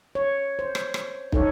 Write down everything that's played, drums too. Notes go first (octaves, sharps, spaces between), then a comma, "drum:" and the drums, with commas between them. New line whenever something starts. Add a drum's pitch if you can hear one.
C#5
C5
drum: rim click
drum: rim click
D#4 A4 C#5, drum: kick